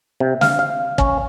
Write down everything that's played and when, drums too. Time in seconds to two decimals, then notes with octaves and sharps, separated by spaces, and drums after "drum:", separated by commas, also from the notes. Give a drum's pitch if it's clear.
0.20 C3
0.41 F5, drum: snare
0.59 F5
0.98 C#4, drum: kick